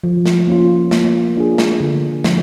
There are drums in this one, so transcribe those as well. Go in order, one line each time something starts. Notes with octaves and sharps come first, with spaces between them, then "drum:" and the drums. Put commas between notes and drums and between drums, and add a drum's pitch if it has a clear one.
F3
drum: snare
A#3 C#4 F4
A#3, drum: snare
D4 F4 G#4
drum: snare
D3
F3, drum: snare